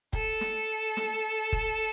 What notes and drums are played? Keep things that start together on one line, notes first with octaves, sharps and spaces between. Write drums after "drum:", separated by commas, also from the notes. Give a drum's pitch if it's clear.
A4, drum: kick F1
drum: snare
drum: snare
drum: kick F1